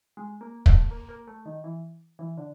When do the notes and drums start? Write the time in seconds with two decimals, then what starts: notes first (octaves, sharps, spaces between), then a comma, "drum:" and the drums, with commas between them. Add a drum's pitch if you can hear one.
0.17 G#3
0.41 A#3
0.66 A3, drum: kick
0.91 A#3
1.09 A#3
1.27 A3
1.46 D#3
1.64 E3
2.19 E3
2.38 D3